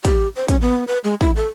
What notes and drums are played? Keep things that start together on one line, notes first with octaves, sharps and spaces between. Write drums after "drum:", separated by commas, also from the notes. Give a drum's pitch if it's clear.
G4, drum: kick, hi-hat
C5
C#4, drum: kick, hi-hat
B3
B4
G#3
E4, drum: kick
A4